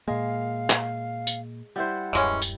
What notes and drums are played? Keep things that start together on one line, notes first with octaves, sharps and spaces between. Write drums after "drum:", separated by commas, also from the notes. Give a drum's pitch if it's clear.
A#2 G#3 A#3 F5
drum: clap
drum: tambourine
G3 E4 C5 F#5
D1 F#2 E3 G#3 C#4
drum: tambourine